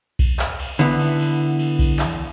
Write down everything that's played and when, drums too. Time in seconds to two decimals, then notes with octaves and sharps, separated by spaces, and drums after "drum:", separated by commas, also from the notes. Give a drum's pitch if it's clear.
0.19 drum: kick B1, cymbal
0.39 drum: clap
0.59 drum: cymbal
0.79 D3 E3 B3
0.99 drum: cymbal
1.19 drum: cymbal
1.59 drum: cymbal
1.79 drum: kick B1, cymbal
1.99 drum: clap